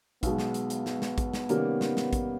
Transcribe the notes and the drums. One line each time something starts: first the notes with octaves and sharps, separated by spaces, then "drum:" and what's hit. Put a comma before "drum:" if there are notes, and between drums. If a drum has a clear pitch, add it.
B1 B2 G#3 B3, drum: kick A1, hi-hat
drum: snare
drum: hi-hat
drum: hi-hat
drum: snare
drum: snare
drum: kick A1, hi-hat
drum: snare
C3 D#3 G3 A#3 C#4, drum: hi-hat
drum: snare
drum: snare
drum: kick A1, hi-hat